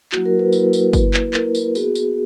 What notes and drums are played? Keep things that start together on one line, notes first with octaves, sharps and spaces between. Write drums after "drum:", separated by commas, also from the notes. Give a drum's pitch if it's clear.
F#3 A#3 E4 F#4, drum: clap
A#4
B4
F#3 A#3 E4 B4, drum: tambourine
drum: tambourine
A#3 E4, drum: kick, tambourine
drum: clap
A#3 E4 A#4, drum: clap
drum: tambourine
B3 F#4 G#4, drum: tambourine
drum: tambourine